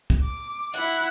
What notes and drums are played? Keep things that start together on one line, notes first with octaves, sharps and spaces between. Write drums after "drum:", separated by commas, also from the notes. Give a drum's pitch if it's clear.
drum: kick
D6
E4 F#5, drum: hi-hat